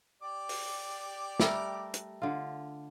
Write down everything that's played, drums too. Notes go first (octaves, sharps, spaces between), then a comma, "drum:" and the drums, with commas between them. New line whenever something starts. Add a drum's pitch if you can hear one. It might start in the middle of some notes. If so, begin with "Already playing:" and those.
G4 D5 D6
drum: open hi-hat
G3 A3 A#4, drum: snare
drum: hi-hat
D3 F4